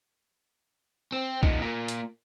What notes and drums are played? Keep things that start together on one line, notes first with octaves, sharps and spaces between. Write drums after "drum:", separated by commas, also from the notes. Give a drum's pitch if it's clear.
C4
A#2 D#4, drum: kick
A#2 A#3
drum: hi-hat